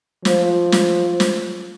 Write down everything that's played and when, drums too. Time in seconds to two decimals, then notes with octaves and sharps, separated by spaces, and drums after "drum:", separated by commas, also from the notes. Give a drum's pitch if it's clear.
0.25 F3, drum: snare
0.72 drum: snare
1.20 drum: snare